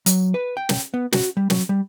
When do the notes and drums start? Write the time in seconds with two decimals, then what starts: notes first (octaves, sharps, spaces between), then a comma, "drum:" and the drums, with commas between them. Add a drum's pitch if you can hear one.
0.06 F#3, drum: hi-hat
0.34 B4
0.57 G5
0.69 drum: snare
0.94 B3
1.13 F#4, drum: snare
1.37 G3
1.50 F#3, drum: snare
1.69 G3